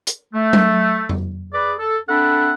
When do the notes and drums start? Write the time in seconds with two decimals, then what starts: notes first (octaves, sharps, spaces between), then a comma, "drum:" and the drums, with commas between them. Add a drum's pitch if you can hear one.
0.07 drum: hi-hat
0.34 A3
0.53 drum: tom F#3
1.09 drum: tom F2
1.53 G#4 B4 D5
1.79 A4
2.08 C4 D4 A4 E5 F#5 B5